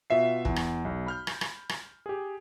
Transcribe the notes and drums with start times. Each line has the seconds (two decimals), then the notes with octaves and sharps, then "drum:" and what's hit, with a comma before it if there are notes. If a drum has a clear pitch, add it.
0.10 B2 F4 E5 C7
0.45 E2, drum: kick
0.56 drum: rim click
0.85 B1
1.07 B5 F6 G6
1.27 drum: rim click
1.41 drum: rim click
1.69 drum: rim click
2.06 G4 G#4